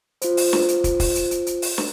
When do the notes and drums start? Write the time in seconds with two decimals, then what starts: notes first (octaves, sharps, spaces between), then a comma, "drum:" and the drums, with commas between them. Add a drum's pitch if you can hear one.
0.22 F4 C5, drum: hi-hat
0.37 drum: open hi-hat
0.53 drum: snare
0.68 drum: hi-hat
0.84 drum: kick, hi-hat
1.00 drum: kick, open hi-hat
1.15 drum: hi-hat
1.31 drum: hi-hat
1.47 drum: hi-hat
1.62 drum: open hi-hat
1.78 drum: snare